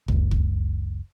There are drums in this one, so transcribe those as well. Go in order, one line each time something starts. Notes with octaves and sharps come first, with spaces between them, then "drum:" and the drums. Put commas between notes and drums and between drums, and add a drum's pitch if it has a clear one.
F#1 C#2, drum: kick
drum: kick